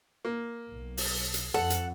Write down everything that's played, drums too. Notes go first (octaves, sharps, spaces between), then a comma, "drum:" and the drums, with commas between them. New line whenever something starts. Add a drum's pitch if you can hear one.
A#3
B1
drum: open hi-hat
drum: hi-hat
F2 A4 F#5
drum: hi-hat